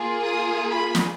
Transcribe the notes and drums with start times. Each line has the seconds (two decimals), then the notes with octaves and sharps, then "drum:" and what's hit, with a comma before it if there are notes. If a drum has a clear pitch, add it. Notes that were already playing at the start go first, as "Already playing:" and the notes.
Already playing: A#3 F4 G#4
0.25 D#6
0.71 B5
0.95 drum: snare